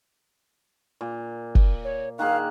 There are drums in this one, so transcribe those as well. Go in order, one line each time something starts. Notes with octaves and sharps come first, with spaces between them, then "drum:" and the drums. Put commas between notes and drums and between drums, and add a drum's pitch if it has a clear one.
A#2
drum: kick
C#5
D#3 A#3 G#4 F5 F#6